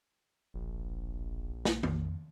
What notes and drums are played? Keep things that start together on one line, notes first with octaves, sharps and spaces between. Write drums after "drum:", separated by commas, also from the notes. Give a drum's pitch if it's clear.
E1 A#1
drum: snare
F2, drum: tom D#3